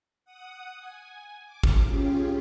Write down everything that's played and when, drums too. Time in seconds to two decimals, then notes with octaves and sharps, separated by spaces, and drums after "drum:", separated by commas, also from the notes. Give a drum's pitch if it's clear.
0.25 F#5 D#6
0.79 G#5
1.45 D6
1.63 drum: kick
1.87 C#4 F4 G4 G#4